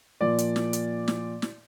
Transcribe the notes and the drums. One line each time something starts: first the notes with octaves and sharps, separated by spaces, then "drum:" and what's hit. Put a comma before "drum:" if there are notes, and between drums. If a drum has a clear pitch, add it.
A#2 F3 D5
drum: hi-hat
drum: snare
drum: hi-hat
drum: snare
drum: snare